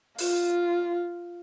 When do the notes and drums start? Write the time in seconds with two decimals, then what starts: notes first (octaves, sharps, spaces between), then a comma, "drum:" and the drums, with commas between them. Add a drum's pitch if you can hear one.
0.19 F4, drum: open hi-hat